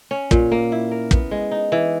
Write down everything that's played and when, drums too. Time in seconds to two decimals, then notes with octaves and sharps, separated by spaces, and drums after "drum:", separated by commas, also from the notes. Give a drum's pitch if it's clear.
0.11 C#4
0.31 A#2, drum: kick
0.52 A#3
0.72 E4
0.91 A#4
1.11 B3, drum: kick
1.31 G#3
1.51 D#4
1.72 E3